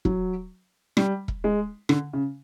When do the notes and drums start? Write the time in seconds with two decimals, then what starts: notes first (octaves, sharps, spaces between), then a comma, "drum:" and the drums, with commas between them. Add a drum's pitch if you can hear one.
0.05 F#3, drum: kick E1
0.97 G3, drum: rim click
1.28 drum: kick E1
1.44 G#3
1.89 D3, drum: rim click
2.13 C#3